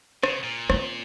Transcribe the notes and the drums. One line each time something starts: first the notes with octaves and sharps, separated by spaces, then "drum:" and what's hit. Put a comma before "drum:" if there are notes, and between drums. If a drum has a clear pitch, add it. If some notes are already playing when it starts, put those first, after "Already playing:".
C#3, drum: rim click
A#2
C4 C#4, drum: rim click